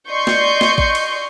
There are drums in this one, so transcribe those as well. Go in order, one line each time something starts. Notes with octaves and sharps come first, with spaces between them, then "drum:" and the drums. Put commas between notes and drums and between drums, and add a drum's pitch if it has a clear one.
D5 D#5 C6 C#6 G6
drum: snare
drum: snare
drum: kick A1
drum: cymbal